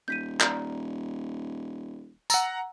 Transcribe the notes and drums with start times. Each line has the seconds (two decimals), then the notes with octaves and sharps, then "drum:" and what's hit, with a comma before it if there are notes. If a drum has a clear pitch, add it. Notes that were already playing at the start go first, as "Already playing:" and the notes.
0.08 D#1 G6 B6 D#7
0.41 D5 A#5, drum: clap
2.30 F#5 A#5 E6 A6, drum: tambourine